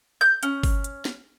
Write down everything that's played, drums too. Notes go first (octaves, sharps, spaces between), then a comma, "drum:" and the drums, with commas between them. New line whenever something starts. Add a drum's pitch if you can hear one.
G6
C#4, drum: hi-hat
drum: kick G1, open hi-hat
drum: hi-hat
drum: snare